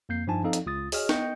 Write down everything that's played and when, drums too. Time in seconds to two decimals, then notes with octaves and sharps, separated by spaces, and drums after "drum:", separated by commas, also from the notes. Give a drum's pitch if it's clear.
0.09 F2 A#3 G6 C7
0.27 G2 F3 D4 D#4 G#5 A5
0.43 F3 C4 D#4 A4 F5
0.53 drum: hi-hat
0.66 C#2 F4 D#6 A6
0.92 F#4 G#4 C#5 D#5 F6, drum: open hi-hat
1.09 B3 D#5 G5 G6 C#7, drum: snare